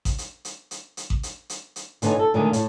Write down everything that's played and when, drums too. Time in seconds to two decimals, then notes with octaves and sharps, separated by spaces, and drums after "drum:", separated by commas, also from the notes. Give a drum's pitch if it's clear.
0.05 drum: kick A1, hi-hat
0.18 drum: hi-hat
0.45 drum: hi-hat
0.71 drum: hi-hat
0.97 drum: hi-hat
1.10 drum: kick A1
1.23 drum: hi-hat
1.49 drum: hi-hat
1.76 drum: hi-hat
2.02 A#2 D3 B3 D#4 C#5 G#5, drum: hi-hat
2.19 A4
2.34 A#2 D3 D#3 G#3 A3
2.53 A2, drum: hi-hat